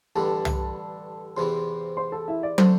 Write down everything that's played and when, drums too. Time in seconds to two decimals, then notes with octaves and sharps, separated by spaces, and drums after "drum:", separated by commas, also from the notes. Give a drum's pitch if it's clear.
0.15 A1 G2 D3 G3 A4 A5
0.45 drum: tom
1.37 E2 C3 E3 C5 C6
1.97 C5 C6
2.12 A4 A5
2.28 E4 E5
2.43 D5
2.58 D3 A3 C5, drum: tom